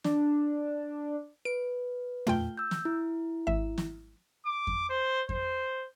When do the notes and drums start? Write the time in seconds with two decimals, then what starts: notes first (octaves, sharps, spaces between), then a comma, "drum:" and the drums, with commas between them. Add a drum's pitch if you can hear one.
0.04 D4, drum: snare
1.45 B4 D7
2.27 A3 F4 G5, drum: tom
2.57 E6 G6
2.71 drum: snare
2.85 E4
3.47 G#1 E5
3.78 drum: snare
4.46 D6
4.67 drum: kick F2
4.90 C5
5.29 C5, drum: kick F2